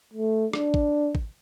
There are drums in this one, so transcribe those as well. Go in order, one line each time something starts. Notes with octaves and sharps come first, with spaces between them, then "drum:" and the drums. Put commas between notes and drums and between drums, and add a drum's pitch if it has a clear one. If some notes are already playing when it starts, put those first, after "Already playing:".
A3
D4, drum: rim click
drum: kick
drum: kick